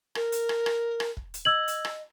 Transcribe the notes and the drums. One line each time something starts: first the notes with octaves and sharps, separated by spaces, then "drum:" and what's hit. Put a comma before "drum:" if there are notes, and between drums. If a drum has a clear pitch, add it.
A#4, drum: rim click
drum: hi-hat
drum: rim click
drum: rim click
drum: rim click
drum: kick
drum: hi-hat
D#5 E6 G#6 F#7
drum: hi-hat
drum: rim click